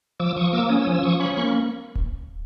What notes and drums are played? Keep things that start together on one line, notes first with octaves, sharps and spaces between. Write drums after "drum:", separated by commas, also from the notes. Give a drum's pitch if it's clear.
F3 D6 E6
F3 C#6 D#6
A#3 D6 E6
C#4 D#6
E6
F3 D#6
E6
F3 C#6 D#6
C#4 B5 C#6
A#3 B5 C#6
drum: kick D1